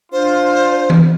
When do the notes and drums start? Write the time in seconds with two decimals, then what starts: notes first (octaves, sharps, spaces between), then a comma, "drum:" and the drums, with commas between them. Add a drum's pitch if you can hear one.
0.12 D4 F4 C5
0.90 drum: tom E3